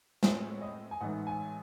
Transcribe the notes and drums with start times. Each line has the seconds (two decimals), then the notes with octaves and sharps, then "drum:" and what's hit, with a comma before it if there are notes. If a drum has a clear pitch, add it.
0.23 A2 G#3 C4 E4 C#5, drum: snare
0.62 D#5
0.91 G#5
1.01 A1 G#2 E3 A3 D#4 F#5
1.27 G#5